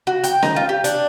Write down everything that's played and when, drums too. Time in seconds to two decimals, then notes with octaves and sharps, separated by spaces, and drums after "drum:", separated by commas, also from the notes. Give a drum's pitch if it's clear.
0.07 F#4
0.24 G5, drum: hi-hat
0.43 D#4, drum: snare C#4
0.56 F4
0.69 G4
0.84 D4, drum: hi-hat